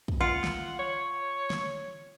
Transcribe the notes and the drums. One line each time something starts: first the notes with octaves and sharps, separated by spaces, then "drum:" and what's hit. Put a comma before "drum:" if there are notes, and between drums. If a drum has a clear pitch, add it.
drum: kick
F4 F#5
drum: snare
C#5
drum: snare